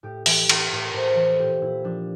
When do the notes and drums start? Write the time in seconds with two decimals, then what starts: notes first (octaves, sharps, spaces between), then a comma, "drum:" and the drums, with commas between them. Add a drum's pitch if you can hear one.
0.03 A2 G4
0.26 E3 G4, drum: open hi-hat
0.49 E3, drum: cymbal
0.71 A2 A#4
0.93 A2 C5
1.16 E3 A4
1.39 A#2 G4
1.61 A#2 E4
1.84 F3 D4